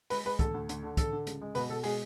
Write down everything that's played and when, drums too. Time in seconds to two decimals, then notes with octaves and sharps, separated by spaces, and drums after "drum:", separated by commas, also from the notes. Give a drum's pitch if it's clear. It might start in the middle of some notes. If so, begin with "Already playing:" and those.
0.10 G#3 B4, drum: open hi-hat
0.25 G#3 B4
0.39 D2 A4, drum: kick, hi-hat
0.54 D2
0.69 D2, drum: hi-hat
0.83 D3
0.97 D3 A4, drum: kick, hi-hat
1.13 D3
1.27 C#2, drum: hi-hat
1.41 G#3
1.55 B2 B4, drum: open hi-hat
1.69 B2 A4
1.84 G#3 G#4, drum: open hi-hat